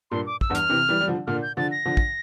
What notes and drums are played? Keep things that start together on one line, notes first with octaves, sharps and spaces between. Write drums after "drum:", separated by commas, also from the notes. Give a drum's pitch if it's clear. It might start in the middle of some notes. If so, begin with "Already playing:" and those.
G2 A#2 C6
D6
E6, drum: kick
E2 G2
F6, drum: hi-hat
C3 E3
E3 G3
G3
D3 F3
A#2 D3 F6
G6
D3 F3 A6
A#6
D3 F3
drum: kick